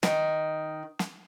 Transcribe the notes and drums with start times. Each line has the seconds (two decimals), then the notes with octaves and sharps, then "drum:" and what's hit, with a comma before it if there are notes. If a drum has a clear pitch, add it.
0.03 D#3, drum: snare
0.99 drum: snare